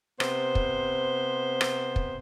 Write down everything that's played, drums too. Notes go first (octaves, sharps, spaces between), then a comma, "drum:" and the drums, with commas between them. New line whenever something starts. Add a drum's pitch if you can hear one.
C3 B3 C5, drum: rim click
drum: kick
drum: rim click
drum: kick